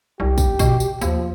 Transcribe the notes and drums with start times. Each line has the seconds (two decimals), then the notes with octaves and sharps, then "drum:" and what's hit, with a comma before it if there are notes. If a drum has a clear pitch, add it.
0.20 C2 G4
0.38 drum: kick, tambourine
0.59 B2, drum: kick, tambourine
0.80 drum: tambourine
1.01 D#2 F3, drum: tambourine